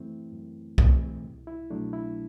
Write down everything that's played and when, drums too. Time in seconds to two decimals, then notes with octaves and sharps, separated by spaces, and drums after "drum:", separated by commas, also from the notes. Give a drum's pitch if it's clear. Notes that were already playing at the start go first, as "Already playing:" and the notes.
Already playing: F#2 E3 A3 C4 E4
0.32 F#2
0.78 E3 A3 C4, drum: kick B1
1.24 C2
1.47 E4
1.70 B2 F#3 A3 D4
1.93 E4